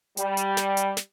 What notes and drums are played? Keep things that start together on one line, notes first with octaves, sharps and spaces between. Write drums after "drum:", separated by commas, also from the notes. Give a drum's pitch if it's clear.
G3, drum: hi-hat
drum: hi-hat
drum: snare
drum: hi-hat
drum: snare